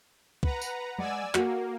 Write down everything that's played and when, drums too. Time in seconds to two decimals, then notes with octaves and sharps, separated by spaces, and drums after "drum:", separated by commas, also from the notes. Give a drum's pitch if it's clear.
0.43 B4 F#5 A#5, drum: kick
0.62 drum: tambourine
0.98 G#3 D5 F#5 G#5 E6
1.35 A#3 F#4 A4, drum: clap